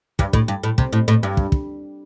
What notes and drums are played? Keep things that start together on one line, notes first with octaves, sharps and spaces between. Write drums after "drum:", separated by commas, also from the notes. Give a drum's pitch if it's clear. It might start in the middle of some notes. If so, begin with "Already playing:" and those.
G2, drum: kick
A2, drum: kick
G2
A2
C3, drum: kick
A2
A2
G2
drum: kick
drum: kick